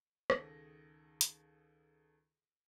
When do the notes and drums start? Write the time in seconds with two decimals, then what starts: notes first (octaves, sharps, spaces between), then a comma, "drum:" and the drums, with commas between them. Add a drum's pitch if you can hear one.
0.30 C#2 D#3 G#4 A4 A#6, drum: rim click
1.21 drum: hi-hat